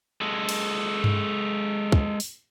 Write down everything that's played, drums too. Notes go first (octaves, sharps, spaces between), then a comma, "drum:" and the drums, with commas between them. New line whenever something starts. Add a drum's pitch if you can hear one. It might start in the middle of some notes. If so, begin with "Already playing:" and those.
G#3 A4
drum: cymbal
drum: tom G2
drum: kick
drum: open hi-hat